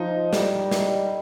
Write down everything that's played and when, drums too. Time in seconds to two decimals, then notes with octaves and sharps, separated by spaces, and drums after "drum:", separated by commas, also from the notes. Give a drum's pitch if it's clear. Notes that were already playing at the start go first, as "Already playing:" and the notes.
Already playing: F3 D#4
0.33 G3, drum: snare
0.71 drum: snare